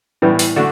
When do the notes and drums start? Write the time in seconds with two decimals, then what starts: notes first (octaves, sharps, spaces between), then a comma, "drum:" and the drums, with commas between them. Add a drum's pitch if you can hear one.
0.22 A2 E3 G3 B3
0.39 drum: open hi-hat
0.56 D3 A3 D4 F#4